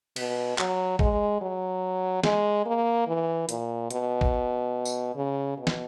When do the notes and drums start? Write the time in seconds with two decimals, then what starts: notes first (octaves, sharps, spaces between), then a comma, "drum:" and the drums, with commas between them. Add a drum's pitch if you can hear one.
0.16 B2, drum: cymbal
0.58 F#3, drum: clap
0.99 G#3, drum: kick
1.41 F#3
2.24 G#3, drum: snare
2.65 A#3
3.07 E3
3.49 A#2, drum: hi-hat
3.91 B2, drum: hi-hat
4.21 drum: kick
4.85 drum: tambourine
5.15 C#3
5.57 B2
5.67 drum: snare